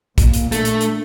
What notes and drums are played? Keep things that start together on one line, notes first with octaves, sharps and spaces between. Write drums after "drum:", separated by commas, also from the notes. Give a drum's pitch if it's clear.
A#2 A#3, drum: kick, hi-hat
drum: hi-hat
A3 D4, drum: hi-hat
drum: hi-hat
drum: hi-hat